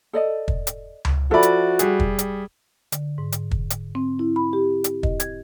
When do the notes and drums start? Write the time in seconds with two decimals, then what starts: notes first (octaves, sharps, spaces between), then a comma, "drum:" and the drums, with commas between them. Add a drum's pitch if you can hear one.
0.13 A4 D5 D#5
0.48 drum: kick
0.67 drum: hi-hat
1.05 drum: tom C#2
1.31 F3 F#4 A4 D5 E5 B5
1.43 drum: hi-hat
1.79 G3 G#4, drum: hi-hat
2.00 drum: kick
2.19 drum: hi-hat
2.92 D3, drum: hi-hat
3.18 G#2
3.32 drum: hi-hat
3.51 drum: kick
3.70 drum: hi-hat
3.95 C4
4.19 E4
4.36 B5
4.53 G4
4.84 drum: hi-hat
5.03 D#5, drum: kick
5.20 G#6, drum: hi-hat